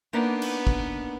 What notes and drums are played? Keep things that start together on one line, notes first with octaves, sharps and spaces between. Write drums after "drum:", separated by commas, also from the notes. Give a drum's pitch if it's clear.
A#3 B3 D4 D#4
drum: cymbal
drum: kick